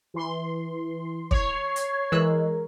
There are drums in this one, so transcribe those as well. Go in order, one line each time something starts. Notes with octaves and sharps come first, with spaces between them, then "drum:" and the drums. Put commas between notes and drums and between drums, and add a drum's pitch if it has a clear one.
E3 C6
C#5 G#6 C7, drum: kick
drum: hi-hat
E3 G#3 A#4 E6 F#6